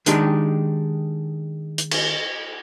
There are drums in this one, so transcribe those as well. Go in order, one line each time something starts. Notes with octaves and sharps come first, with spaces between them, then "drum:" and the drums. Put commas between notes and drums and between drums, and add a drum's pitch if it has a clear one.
D#3 G#3 D4 D#4 G4, drum: hi-hat
drum: hi-hat
drum: cymbal